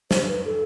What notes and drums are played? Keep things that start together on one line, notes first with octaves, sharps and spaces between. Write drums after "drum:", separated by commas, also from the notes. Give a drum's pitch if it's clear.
C5, drum: snare
B4
A4